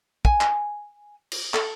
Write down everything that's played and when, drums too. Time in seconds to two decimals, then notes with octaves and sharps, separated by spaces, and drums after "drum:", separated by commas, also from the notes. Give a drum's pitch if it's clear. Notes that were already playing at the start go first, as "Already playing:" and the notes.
0.25 G#5, drum: kick
0.41 drum: clap
1.32 drum: cymbal
1.54 A4, drum: clap